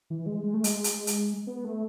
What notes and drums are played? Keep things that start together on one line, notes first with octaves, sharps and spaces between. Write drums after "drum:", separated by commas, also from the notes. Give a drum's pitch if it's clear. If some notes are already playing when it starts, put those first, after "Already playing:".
E3
G#3
G#3
A3
G#3, drum: hi-hat
drum: hi-hat
drum: hi-hat
B3
A3